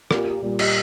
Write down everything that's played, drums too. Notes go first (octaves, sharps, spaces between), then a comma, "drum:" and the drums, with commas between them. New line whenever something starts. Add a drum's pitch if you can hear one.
A#2 G4, drum: rim click
G4
A#2 G3
G4, drum: cymbal